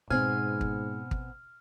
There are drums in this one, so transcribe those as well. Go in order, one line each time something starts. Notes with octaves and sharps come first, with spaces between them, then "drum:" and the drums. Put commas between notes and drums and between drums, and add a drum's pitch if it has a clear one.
G#2 B2 B3 C4 G#5 F6
drum: kick
drum: kick